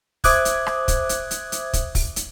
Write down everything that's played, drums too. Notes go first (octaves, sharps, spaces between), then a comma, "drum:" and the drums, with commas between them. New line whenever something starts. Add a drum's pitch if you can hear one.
C5 E5 D6 D#6 F#6 G#6, drum: kick, open hi-hat
drum: hi-hat
drum: rim click
drum: kick, hi-hat
drum: hi-hat
drum: hi-hat
drum: hi-hat
drum: kick, hi-hat
drum: kick, open hi-hat
drum: hi-hat